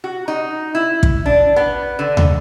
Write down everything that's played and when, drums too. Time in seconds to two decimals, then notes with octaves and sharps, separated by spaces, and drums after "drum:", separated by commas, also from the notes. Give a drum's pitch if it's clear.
0.04 F#4
0.28 D#4
0.75 E4
1.03 drum: kick
1.26 D4
1.56 B3
1.99 D3
2.17 drum: tom D#2